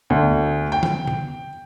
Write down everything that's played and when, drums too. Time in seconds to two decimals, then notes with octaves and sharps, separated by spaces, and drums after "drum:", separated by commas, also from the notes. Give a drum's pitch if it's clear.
0.10 D2
0.72 G5
0.83 drum: tom
1.07 drum: tom C#3